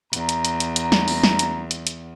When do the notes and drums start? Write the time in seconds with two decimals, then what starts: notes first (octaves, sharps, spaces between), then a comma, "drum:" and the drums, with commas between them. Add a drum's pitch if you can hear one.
0.13 E2 A#5, drum: hi-hat
0.29 drum: hi-hat
0.45 drum: hi-hat
0.60 drum: hi-hat
0.76 drum: hi-hat
0.92 drum: snare
1.08 drum: open hi-hat
1.23 drum: snare
1.39 drum: hi-hat
1.71 drum: hi-hat
1.87 drum: hi-hat